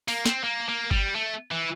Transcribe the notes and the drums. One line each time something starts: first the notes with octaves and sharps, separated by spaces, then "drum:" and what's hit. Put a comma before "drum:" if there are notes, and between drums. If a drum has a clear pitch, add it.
A#3, drum: open hi-hat
C4, drum: snare
A#3
A#3
G3, drum: kick G1
A3
E3